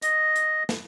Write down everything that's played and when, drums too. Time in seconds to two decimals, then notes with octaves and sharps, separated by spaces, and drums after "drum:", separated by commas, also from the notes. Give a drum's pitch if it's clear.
0.02 D#5, drum: hi-hat
0.36 drum: hi-hat
0.69 drum: snare